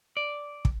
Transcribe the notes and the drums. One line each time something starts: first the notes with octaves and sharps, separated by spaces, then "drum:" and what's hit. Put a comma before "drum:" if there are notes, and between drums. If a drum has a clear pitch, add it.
D5
drum: kick